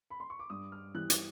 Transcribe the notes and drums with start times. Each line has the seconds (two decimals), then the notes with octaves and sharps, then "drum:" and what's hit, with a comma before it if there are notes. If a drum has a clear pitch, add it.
0.10 B5
0.20 C6
0.30 C#6
0.39 D6
0.50 G2 D#6
0.72 F6
0.95 E3 G3 F#6
1.10 drum: hi-hat